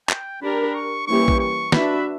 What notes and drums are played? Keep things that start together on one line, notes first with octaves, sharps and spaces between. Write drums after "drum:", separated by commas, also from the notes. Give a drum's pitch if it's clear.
G5, drum: clap
D4 G4 A#4 B5
C#6
E3 G3 A#3 C#4 G4 C#6
drum: kick
C#6
D4 F#4 B4 E5 B5, drum: snare